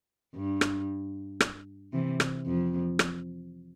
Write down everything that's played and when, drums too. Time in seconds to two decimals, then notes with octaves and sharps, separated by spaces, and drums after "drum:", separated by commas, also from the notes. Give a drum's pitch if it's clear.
0.35 G2
0.61 drum: rim click
1.40 drum: rim click
1.93 C3 E3
2.20 drum: rim click
2.46 F2
2.99 drum: rim click